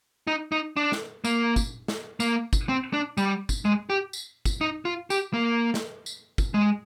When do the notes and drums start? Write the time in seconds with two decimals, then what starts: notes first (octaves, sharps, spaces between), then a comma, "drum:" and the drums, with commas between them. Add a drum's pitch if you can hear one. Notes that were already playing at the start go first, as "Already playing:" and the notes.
0.27 D#4
0.52 D#4
0.77 D4
0.92 drum: snare
1.24 A#3, drum: tambourine
1.56 drum: kick, tambourine
1.88 drum: snare
2.20 A#3, drum: tambourine
2.53 drum: kick, tambourine
2.69 C4
2.93 D4
3.18 G3, drum: tambourine
3.49 drum: kick, tambourine
3.65 G#3
3.90 G4
4.13 drum: tambourine
4.45 drum: kick, tambourine
4.61 D#4
4.85 F4
5.10 G4, drum: tambourine
5.34 A#3
5.74 drum: snare
6.06 drum: tambourine
6.38 drum: kick, tambourine
6.54 G#3